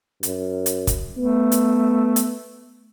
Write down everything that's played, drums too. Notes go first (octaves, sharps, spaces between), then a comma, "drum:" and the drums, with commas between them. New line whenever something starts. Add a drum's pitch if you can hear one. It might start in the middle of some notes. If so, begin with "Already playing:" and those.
F#2, drum: hi-hat
drum: hi-hat
drum: kick, hi-hat
A3 B3
drum: hi-hat
drum: hi-hat